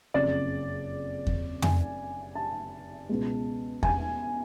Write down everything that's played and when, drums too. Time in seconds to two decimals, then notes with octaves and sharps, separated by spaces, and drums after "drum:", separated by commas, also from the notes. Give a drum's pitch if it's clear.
0.14 F#1 F2 C#3 D5
1.27 drum: kick E2
1.62 G#5, drum: tom F2
2.35 A5
3.09 C#2 B2 G#3
3.83 G#5, drum: kick E2